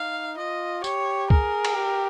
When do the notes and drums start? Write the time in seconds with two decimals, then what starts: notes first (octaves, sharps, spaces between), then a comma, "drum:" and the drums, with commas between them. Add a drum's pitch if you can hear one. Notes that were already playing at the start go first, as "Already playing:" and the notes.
Already playing: D#4 F5
0.37 F4 D#5
0.84 G4 C#5, drum: tambourine
1.30 G#4 A#4, drum: kick C#2
1.65 drum: cymbal
1.76 G4